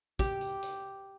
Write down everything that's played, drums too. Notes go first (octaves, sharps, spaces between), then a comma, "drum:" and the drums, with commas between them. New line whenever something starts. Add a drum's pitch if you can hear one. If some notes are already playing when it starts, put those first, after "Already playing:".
G4, drum: kick, hi-hat
drum: hi-hat
drum: hi-hat